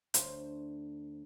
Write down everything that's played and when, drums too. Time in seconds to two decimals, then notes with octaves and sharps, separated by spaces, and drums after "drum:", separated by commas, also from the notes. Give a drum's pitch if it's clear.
0.14 D2 C5, drum: hi-hat